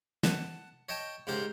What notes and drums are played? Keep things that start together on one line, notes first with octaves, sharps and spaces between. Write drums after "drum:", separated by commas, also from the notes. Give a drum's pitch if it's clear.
F#5 A5, drum: snare
C#5 D#5 G5 A5
G#2 C#3 G4 A#4 C5